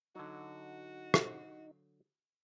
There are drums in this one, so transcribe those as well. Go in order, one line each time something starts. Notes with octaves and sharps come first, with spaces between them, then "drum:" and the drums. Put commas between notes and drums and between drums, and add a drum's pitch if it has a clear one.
D3 F#3 D#4 F#4
drum: rim click